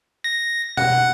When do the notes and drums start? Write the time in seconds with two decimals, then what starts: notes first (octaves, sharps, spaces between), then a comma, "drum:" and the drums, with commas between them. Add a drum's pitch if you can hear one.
0.24 A#6
0.77 F#5, drum: tom B2